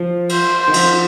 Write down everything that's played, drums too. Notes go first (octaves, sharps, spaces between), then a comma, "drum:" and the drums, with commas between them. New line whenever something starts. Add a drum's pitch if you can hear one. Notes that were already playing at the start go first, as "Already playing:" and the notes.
Already playing: F3
C5, drum: cymbal
C5
D#3
F3, drum: cymbal